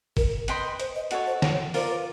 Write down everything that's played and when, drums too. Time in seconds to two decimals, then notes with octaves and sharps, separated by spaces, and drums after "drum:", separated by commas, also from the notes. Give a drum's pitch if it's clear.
0.17 A#4, drum: kick, open hi-hat
0.48 B4 D#5 G5 C6, drum: hi-hat
0.80 C5, drum: hi-hat
0.95 D#5
1.11 F#4 A4 C#5 D#5, drum: hi-hat
1.27 C5
1.42 C#5, drum: snare
1.74 F4 A#4 C5 D5, drum: open hi-hat
1.90 B4